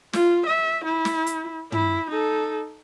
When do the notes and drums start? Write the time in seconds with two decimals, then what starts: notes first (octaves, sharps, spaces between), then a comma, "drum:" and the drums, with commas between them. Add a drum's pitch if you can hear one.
0.13 F4, drum: snare
0.46 E5
0.84 E4
1.05 drum: snare
1.27 drum: hi-hat
1.72 E4, drum: tom
2.10 D#4 A4